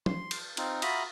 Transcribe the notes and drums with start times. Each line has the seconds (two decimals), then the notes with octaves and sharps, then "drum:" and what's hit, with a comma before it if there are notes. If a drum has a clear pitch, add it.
0.06 C6, drum: tom
0.31 drum: cymbal
0.57 C4 D#4 F4, drum: cymbal
0.82 F4 F#4 E5 A#5 B5 D#6, drum: cymbal